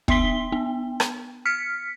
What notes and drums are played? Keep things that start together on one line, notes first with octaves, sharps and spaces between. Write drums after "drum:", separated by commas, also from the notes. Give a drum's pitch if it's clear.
B3 E5 C6 B6 G7, drum: kick
B3
drum: rim click
F6 B6 C#7